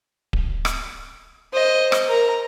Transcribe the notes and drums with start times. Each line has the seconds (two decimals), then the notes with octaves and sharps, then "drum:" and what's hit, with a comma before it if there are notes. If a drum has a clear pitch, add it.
0.33 drum: kick D1
0.65 drum: rim click
1.53 C5 D#5
1.92 drum: rim click
2.08 A#4 A#5